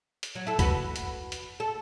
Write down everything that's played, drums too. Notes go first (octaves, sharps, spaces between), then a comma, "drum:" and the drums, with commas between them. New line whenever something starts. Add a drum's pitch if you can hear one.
drum: hi-hat
F#3
E4 A4
F#4 B4, drum: kick, hi-hat
drum: hi-hat
drum: hi-hat
A4